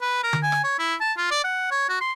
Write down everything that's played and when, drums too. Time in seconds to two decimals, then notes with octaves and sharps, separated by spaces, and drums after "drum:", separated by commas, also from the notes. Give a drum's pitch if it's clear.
0.01 B4
0.23 A#4
0.33 drum: tom D3
0.43 G#5
0.52 drum: rim click
0.64 C#5
0.79 E4
1.01 A5
1.17 F4
1.31 D5
1.44 F#5
1.71 C#5
1.89 F#4
2.01 C6